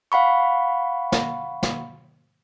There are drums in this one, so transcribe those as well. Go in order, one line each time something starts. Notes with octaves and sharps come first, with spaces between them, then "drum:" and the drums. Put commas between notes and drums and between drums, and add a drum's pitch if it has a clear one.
F5 F#5 B5 C#6
drum: snare
drum: snare